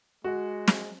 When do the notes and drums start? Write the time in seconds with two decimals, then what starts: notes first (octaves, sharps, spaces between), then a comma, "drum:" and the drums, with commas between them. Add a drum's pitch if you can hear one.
0.24 G#3 F#4
0.68 drum: snare